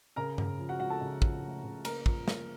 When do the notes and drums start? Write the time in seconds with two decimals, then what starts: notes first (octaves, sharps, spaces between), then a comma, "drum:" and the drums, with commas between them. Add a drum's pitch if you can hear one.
0.16 C#3 A#4 A#5
0.38 C#3, drum: tom G2
0.59 F3
0.69 F#4 F#5
0.79 C#2 F#4 F#5
0.90 A4 A5
1.01 C#3
1.22 F3, drum: kick
1.44 A3
1.64 C#3
1.85 A#3 A#4 A#5, drum: cymbal
2.06 F3, drum: kick
2.28 A#3, drum: snare